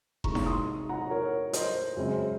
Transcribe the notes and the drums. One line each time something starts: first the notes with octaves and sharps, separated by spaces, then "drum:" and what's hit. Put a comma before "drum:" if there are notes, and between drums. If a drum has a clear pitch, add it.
C3 D#3 G#3 A#5 C#6, drum: kick F1
drum: snare E4
C6 D#6
F#5 A#5
A#4 C#5
C5 D#5, drum: hi-hat
F#2 C#3 G#3 C4